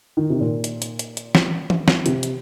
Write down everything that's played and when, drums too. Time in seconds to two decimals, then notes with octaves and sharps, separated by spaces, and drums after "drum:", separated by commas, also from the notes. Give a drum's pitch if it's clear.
0.17 D#3
0.30 C3
0.40 A#2
0.64 drum: hi-hat
0.82 drum: hi-hat
0.99 drum: hi-hat
1.17 drum: hi-hat
1.35 drum: snare
1.70 drum: tom E3
1.88 drum: snare
2.06 C3, drum: hi-hat
2.23 drum: hi-hat